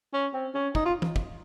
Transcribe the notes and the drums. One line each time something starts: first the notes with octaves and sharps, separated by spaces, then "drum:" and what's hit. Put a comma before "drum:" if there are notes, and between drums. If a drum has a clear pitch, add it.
C#4
C4
C#4
D#4, drum: kick
F4
drum: tom
drum: kick